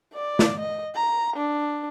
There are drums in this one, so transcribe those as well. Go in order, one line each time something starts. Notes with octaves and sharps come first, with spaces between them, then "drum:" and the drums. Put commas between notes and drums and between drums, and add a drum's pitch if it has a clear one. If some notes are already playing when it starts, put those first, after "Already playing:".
D5
drum: snare
D#5
A#5
D4